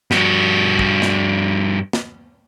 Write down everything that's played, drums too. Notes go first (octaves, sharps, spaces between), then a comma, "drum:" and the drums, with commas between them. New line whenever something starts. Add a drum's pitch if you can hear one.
G2 F#4, drum: snare
drum: kick
drum: snare
drum: snare